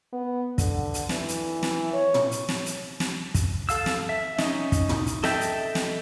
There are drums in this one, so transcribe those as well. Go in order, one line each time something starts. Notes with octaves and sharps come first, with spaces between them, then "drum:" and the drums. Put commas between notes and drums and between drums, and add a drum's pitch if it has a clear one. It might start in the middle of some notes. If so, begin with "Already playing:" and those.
B3
D3, drum: kick, hi-hat
drum: hi-hat
E3, drum: snare
drum: hi-hat
drum: snare
C#5
drum: tom
drum: hi-hat
drum: snare
drum: hi-hat
drum: snare
drum: kick, hi-hat
A4 F5 E6, drum: hi-hat
drum: snare
E5
C#4 D#4 D#5, drum: snare
drum: kick, hi-hat
drum: tom
drum: hi-hat
A4 D#5 E5 G5, drum: snare
drum: hi-hat
drum: snare